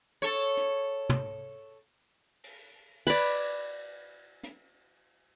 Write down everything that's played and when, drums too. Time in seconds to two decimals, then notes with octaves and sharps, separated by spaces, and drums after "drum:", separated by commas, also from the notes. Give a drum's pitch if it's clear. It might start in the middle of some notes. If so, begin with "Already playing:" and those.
0.22 A4 C#5, drum: hi-hat
0.57 drum: hi-hat
1.10 drum: tom
2.44 drum: open hi-hat
3.07 B4 D5, drum: cymbal
4.44 drum: hi-hat